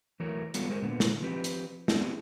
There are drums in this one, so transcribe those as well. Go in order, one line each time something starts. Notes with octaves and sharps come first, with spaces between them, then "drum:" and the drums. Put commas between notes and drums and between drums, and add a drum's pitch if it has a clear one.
E3 F#3 A3 A#4 C#5
F#3 G3 B3 F4 A4 C#5, drum: hi-hat
G#3 G#4 A#4 C5
A#2 D3 B3
drum: snare
F3 C4 G4 B4
drum: hi-hat
B3 C4 D4 E4 G4 G#4, drum: snare